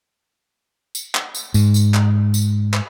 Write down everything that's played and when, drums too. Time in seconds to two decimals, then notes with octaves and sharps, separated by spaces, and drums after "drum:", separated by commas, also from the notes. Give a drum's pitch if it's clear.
0.95 drum: tambourine
1.15 drum: clap
1.35 drum: tambourine
1.54 G#2, drum: tambourine
1.74 drum: tambourine
1.94 drum: clap
2.34 drum: tambourine
2.74 drum: clap